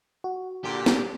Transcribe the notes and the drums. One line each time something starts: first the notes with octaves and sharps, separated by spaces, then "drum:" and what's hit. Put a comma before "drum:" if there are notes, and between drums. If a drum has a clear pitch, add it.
F#4
A#2 D3 G4
drum: snare